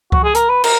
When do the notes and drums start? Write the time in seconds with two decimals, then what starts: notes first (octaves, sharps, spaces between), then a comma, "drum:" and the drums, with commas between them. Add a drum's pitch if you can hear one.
0.12 F#4, drum: kick C#2
0.24 G#4
0.35 A#4, drum: hi-hat
0.49 B4
0.64 A#4, drum: cymbal